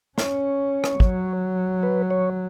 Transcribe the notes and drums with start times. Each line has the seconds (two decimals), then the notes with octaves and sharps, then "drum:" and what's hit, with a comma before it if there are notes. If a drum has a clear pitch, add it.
0.18 C#4 C#5, drum: snare
0.84 drum: rim click
1.00 F#3, drum: kick
1.83 B4
2.11 C#5